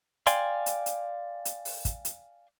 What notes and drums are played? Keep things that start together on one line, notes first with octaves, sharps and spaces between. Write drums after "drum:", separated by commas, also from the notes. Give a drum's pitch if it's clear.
D5 F5 G5 G#5 C6, drum: hi-hat
drum: hi-hat
drum: hi-hat
drum: hi-hat
drum: open hi-hat
drum: kick, hi-hat
drum: hi-hat